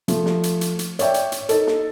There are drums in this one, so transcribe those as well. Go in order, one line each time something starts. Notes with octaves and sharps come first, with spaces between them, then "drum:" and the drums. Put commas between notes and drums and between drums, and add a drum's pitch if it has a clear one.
F3 A3, drum: hi-hat
drum: snare
drum: hi-hat
drum: hi-hat
drum: hi-hat
C#5 D5 E5 G5, drum: hi-hat
drum: hi-hat
drum: hi-hat
D#4 A4, drum: hi-hat
drum: snare